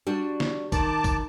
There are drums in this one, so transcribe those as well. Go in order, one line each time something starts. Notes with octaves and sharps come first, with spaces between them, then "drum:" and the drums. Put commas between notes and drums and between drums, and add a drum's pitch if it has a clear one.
G3 D4 F#4
drum: snare
D#3 A5 D6, drum: kick, tambourine
drum: kick, tambourine